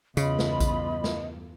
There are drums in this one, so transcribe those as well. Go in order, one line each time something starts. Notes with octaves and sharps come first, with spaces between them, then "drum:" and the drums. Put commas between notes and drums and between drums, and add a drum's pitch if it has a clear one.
E2 G2 C#3 B3 F4 D#5 B5, drum: tambourine
drum: snare
drum: kick A#1, tambourine
drum: snare